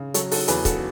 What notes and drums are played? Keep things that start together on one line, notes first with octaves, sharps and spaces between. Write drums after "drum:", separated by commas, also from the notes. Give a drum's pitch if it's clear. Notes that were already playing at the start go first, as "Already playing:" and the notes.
Already playing: C#3
F#3 A4 C#5, drum: hi-hat
F#4 A4, drum: open hi-hat
E2 G#4 B4, drum: hi-hat
F#4 A4, drum: kick C#1, hi-hat